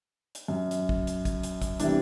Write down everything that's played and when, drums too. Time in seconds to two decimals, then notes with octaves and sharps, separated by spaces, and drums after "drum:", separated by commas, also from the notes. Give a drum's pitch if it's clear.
0.35 drum: hi-hat
0.48 F#2
0.71 drum: hi-hat
0.89 drum: kick A1
1.07 drum: hi-hat
1.25 drum: kick A1, hi-hat
1.43 drum: hi-hat
1.62 drum: kick A1, hi-hat
1.80 C3 E3 G3 B3 D4, drum: hi-hat